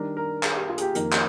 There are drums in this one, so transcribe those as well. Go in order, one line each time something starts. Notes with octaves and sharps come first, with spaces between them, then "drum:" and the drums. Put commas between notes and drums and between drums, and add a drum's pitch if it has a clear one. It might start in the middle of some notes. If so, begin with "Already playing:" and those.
Already playing: D#3 G3 D4 A#4
A#4
G#4, drum: clap
G4
F4
G#4, drum: hi-hat
G4
F2 D#3 A#3 D#4 A#4, drum: hi-hat
drum: clap